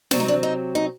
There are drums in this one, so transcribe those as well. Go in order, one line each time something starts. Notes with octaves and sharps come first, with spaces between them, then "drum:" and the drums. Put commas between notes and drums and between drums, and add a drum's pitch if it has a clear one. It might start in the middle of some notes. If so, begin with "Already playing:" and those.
C3 F#3 C4 D4, drum: snare
D#4
D4
D#4
D#4